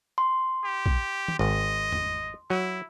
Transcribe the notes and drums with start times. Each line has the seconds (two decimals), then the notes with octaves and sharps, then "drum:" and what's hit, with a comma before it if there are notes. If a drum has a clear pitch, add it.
0.18 C6
0.64 G4
0.86 drum: kick
1.28 drum: tom D#3
1.39 G#1 D#5
1.92 drum: tom
2.50 F#3 E4